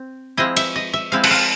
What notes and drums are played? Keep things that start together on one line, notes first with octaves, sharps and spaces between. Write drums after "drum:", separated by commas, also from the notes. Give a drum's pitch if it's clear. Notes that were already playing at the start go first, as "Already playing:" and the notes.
Already playing: C4
F3 G#3 C4 E4 D#5
E5, drum: cymbal
D#5
E5
F3 G#3 C4 E4 F5
F#5, drum: cymbal
F5